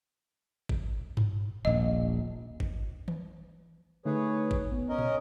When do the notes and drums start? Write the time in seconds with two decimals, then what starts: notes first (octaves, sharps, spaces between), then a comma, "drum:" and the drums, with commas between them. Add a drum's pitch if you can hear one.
0.69 drum: kick G1
1.17 drum: tom G2
1.65 D#1 A#1 D#5
2.60 drum: kick G1
3.08 drum: tom D#3
4.05 D3 A3 D#4 G#4 B4 C#5
4.51 drum: kick G1
4.72 B3
4.89 C#4 A#4 D#5
4.99 drum: tom